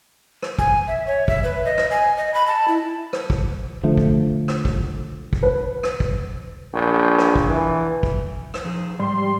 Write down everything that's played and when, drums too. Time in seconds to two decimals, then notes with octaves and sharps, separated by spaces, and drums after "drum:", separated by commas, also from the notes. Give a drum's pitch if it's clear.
0.42 drum: rim click
0.59 G#5, drum: kick
0.88 E5
1.07 C#5
1.28 E5, drum: kick
1.44 B4
1.65 D#5
1.78 drum: rim click
1.91 G#5
2.17 D#5
2.34 B5
2.47 A5
2.68 E4
3.13 drum: rim click
3.30 drum: kick
3.83 D3 F3 A3
3.97 drum: kick
4.48 drum: rim click
4.65 drum: kick
5.33 drum: kick
5.43 B4
5.83 drum: rim click
6.00 drum: kick
6.74 A#1
7.19 drum: rim click
7.36 drum: kick
7.48 E3
8.03 drum: kick
8.54 drum: rim click
8.64 F3 D#4 G#4
9.00 G#2 G3 C6